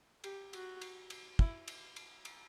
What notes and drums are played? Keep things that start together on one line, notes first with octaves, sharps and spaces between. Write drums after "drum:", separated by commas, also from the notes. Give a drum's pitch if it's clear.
G4, drum: cymbal
F#4, drum: cymbal
drum: cymbal
drum: cymbal
E4, drum: kick
drum: cymbal
drum: cymbal
drum: cymbal